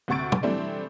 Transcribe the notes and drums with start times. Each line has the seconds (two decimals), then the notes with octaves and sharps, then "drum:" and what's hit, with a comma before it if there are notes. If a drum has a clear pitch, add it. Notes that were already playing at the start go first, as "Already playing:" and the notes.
0.08 D2 C3 F#5 C#6 A6 D7
0.32 drum: tom
0.43 E3 G3 A3 C4 D4